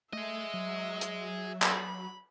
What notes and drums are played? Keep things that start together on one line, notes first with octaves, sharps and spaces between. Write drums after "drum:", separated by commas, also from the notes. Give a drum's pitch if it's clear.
A3 G#4 D#5 E5
F#3
drum: hi-hat
B5, drum: clap